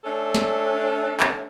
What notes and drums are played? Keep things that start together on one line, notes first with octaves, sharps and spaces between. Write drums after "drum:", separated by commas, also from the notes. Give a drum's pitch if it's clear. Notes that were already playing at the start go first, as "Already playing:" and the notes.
A3 C#4 D4 A4
drum: snare
drum: clap